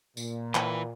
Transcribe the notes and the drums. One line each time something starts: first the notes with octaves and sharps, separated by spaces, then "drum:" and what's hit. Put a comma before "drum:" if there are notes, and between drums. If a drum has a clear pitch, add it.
A#2, drum: tambourine
E3 B4, drum: clap